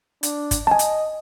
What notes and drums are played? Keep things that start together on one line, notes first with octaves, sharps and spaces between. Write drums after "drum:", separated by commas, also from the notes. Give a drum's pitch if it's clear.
D4, drum: hi-hat
drum: kick G1, hi-hat
D#5 G#5 A5
drum: hi-hat